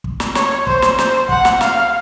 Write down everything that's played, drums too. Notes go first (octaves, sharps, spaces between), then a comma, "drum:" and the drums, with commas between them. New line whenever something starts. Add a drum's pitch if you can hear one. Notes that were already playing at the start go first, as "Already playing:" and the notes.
drum: kick
drum: snare
C#5, drum: snare
C5, drum: kick
drum: snare
C5, drum: snare
F#5, drum: kick
drum: snare
F5, drum: snare